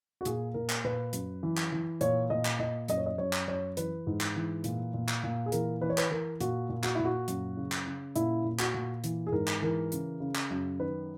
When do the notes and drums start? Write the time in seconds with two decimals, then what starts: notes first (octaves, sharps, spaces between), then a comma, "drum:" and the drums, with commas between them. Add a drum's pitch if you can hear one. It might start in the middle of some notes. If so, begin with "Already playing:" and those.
0.21 F#4
0.25 A#2 G#4, drum: hi-hat
0.54 A#2 A#4
0.70 drum: clap
0.84 A#2 B4
1.13 F#2, drum: hi-hat
1.43 E3
1.57 drum: clap
1.72 E3
2.01 A#2 C#5, drum: hi-hat
2.30 A#2 D#5
2.45 drum: clap
2.59 A#2 D#5
2.88 F#2 D#5, drum: hi-hat
2.97 C#5
3.06 D#5
3.18 F#2 C#5
3.33 drum: clap
3.47 F#2 C#5
3.77 E3 B4, drum: hi-hat
4.07 G#2
4.21 drum: clap
4.36 E3
4.64 A#2, drum: hi-hat
4.94 A#2
5.09 drum: clap
5.23 A#2
5.46 G#4
5.52 E3 A#4, drum: hi-hat
5.81 E3 B4
5.90 C#5
5.98 B4, drum: clap
6.10 E3 A#4
6.40 A#2 F#4, drum: hi-hat
6.69 A#2
6.84 F#4, drum: clap
6.95 A#2 E4
7.05 F#4
7.28 F#2, drum: hi-hat
7.57 C#3
7.72 drum: clap
7.86 C#3
8.16 A#2 E4, drum: hi-hat
8.45 A#2
8.59 F#4, drum: clap
8.74 A#2
9.04 E3, drum: hi-hat
9.27 G#4
9.32 G#2 A#4
9.47 drum: clap
9.62 E3 A#4
9.92 C#3, drum: hi-hat
10.20 C#3
10.35 drum: clap
10.51 F#2
10.79 D#3 B4